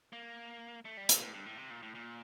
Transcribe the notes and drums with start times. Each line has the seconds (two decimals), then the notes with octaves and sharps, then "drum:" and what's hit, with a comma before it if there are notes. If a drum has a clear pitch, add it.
0.13 A#3
0.85 A3
0.97 G3
1.09 A#2, drum: hi-hat
1.22 A2
1.34 G2
1.46 A2
1.58 C3
1.70 A#2
1.82 A2
1.95 A#2